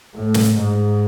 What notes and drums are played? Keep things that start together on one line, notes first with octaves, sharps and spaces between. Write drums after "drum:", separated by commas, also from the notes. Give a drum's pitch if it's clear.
A2
drum: snare
G#2